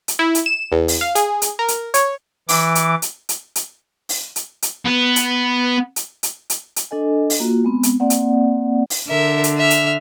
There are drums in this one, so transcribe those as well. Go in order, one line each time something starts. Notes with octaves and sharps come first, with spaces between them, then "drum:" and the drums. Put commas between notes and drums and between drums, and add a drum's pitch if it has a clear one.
drum: hi-hat
E4
drum: hi-hat
E7
E2
drum: open hi-hat
F5
G#4, drum: hi-hat
drum: hi-hat
A#4
drum: hi-hat
C#5, drum: hi-hat
E3 D6, drum: open hi-hat
drum: hi-hat
drum: hi-hat
drum: hi-hat
drum: hi-hat
drum: open hi-hat
drum: hi-hat
drum: hi-hat
B3 B4
drum: hi-hat
drum: hi-hat
drum: hi-hat
drum: hi-hat
drum: hi-hat
D4 A4 D#5 G#5
drum: open hi-hat
A#3 F4 F#4 A#5
G#3 B3 C4
drum: hi-hat
A#3 C4 D5 F#5
drum: hi-hat
drum: open hi-hat
D3 A#4 E5
drum: hi-hat
E5 F6
drum: hi-hat